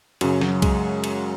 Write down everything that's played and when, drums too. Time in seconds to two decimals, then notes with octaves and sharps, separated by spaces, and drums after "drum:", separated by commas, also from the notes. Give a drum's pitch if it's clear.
0.21 F#2 C#3 F#3, drum: cymbal
0.41 F#3, drum: snare
0.62 G#3, drum: kick B1, cymbal
1.04 drum: cymbal